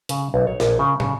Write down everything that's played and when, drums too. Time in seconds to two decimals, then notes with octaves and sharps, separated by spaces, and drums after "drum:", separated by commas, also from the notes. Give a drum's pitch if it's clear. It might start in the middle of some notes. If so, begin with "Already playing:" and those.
0.09 C#3, drum: hi-hat
0.34 B1
0.47 C#5
0.60 A#1, drum: snare
0.79 C#3
1.00 C#3, drum: tom